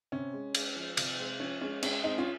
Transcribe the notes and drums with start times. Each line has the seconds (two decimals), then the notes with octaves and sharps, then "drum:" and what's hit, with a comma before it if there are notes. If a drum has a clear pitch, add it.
0.12 C3 C#4
0.33 G#3
0.55 G#3, drum: cymbal
0.76 F3
0.97 C3, drum: cymbal
1.19 G#3 C4
1.39 F3 C#4
1.61 G#3 C#4
1.83 G#3 C#4, drum: cymbal
2.03 G#3 C4 D#4
2.18 C#4 F4